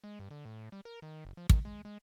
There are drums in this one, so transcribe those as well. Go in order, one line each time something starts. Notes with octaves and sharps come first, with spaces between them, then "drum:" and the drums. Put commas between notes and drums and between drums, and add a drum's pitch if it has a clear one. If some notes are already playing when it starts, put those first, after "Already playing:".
G#3
G2
D3
A2
G3
A#4
D#3
F#1
F3
D#3, drum: kick
G#3
G#3